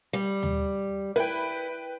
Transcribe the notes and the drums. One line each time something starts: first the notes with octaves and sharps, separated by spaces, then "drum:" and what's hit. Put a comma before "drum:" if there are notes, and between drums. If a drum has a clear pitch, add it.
G3
drum: tom D#2
E4 B4 G5